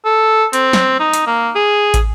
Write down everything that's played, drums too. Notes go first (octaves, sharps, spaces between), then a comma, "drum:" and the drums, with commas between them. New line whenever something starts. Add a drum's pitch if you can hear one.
A4
C4, drum: hi-hat
drum: snare
D#4
drum: hi-hat
A#3
G#4
drum: kick, hi-hat